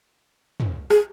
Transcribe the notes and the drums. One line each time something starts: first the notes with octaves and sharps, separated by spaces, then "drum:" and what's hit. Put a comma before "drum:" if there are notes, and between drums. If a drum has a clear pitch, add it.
drum: tom
G#4, drum: rim click